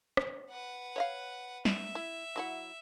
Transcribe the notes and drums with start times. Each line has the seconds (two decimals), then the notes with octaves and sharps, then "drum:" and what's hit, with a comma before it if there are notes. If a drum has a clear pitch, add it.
0.17 drum: rim click
0.50 B4 F#5
0.96 C#5 E5 F5
1.65 E5, drum: snare
1.95 E4
2.36 F#3 E4 F#5